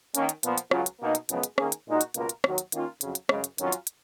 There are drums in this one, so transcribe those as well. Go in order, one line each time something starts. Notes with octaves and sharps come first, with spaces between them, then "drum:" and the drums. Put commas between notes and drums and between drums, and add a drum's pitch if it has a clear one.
D#3 A#3 C#4, drum: hi-hat
drum: hi-hat
A#2 F3 B3, drum: hi-hat
drum: hi-hat
C#2 C#3 F#3 C#4 F4, drum: rim click
drum: hi-hat
B2 A#3 D#4
drum: hi-hat
F#2 C#3 F3 G#3 B3, drum: hi-hat
drum: hi-hat
D#3 A#3 C#4 G#4, drum: rim click
drum: hi-hat
A#2 G#3 D#4 F#4
drum: hi-hat
C#2 B2 A#3 F4 A#4, drum: hi-hat
drum: hi-hat
D#2 D#3 F#3, drum: rim click
drum: hi-hat
D#3 A#3 C#4 F4, drum: hi-hat
F2 C#3 F#3, drum: hi-hat
drum: hi-hat
F#2 C#3 G#3, drum: rim click
drum: hi-hat
F2 D#3 F#3 C#4 F4, drum: hi-hat
drum: hi-hat
drum: hi-hat